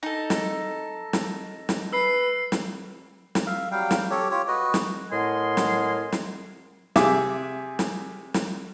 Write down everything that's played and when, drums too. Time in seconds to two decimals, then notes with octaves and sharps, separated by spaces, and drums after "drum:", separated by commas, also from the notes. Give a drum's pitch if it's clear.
0.03 D#4 A4 A#6
0.30 drum: snare
1.13 drum: snare
1.69 drum: snare
1.93 B4 E6 C7
2.52 drum: snare
3.35 drum: snare
3.46 E5 F5
3.71 F#3 G3 F5 G5
3.91 drum: snare
4.10 G4 A4 C#5
4.31 F4 G4 C#5
4.48 F#4 B4 D#5
4.74 drum: snare
5.11 A2 A#4 D#5 F#5 G#5 C6
5.57 drum: snare
6.12 drum: snare
6.96 C3 G#4 E5 D6, drum: snare
7.79 drum: snare
8.34 drum: snare